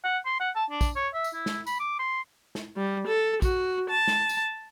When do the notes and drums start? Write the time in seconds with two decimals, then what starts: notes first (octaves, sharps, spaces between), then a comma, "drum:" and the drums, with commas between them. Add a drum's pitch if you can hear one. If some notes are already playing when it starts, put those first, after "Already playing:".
0.04 F#5
0.26 C6
0.40 F#5
0.55 A5
0.70 D4
0.81 drum: kick, tambourine
0.96 C#5
1.14 E5
1.24 drum: tambourine
1.34 E4
1.46 drum: snare
1.67 B5, drum: tambourine
1.80 D6
1.99 C6
2.55 drum: snare
2.77 G3
3.07 A4
3.42 F#4, drum: kick, tambourine
3.90 A5
4.08 drum: snare
4.29 drum: tambourine